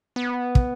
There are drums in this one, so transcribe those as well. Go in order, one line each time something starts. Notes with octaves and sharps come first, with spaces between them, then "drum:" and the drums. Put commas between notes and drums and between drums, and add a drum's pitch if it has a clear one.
B3
drum: kick